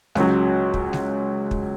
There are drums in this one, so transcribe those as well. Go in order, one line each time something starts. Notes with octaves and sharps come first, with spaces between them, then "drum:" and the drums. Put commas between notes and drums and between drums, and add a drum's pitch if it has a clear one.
C#2 C#3 F#3, drum: snare G#3
drum: kick
drum: snare G#3
drum: kick